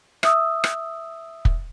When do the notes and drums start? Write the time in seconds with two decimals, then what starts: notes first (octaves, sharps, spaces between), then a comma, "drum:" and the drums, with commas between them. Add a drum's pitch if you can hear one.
0.23 E5 D#6 E6, drum: rim click
0.64 drum: rim click
1.45 drum: kick